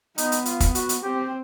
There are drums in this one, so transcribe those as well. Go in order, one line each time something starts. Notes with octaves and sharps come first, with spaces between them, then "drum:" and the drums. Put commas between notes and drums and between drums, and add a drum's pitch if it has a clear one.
B3 D#4, drum: hi-hat
drum: hi-hat
F4, drum: hi-hat
drum: kick, hi-hat
F#4, drum: hi-hat
drum: hi-hat
C4 G4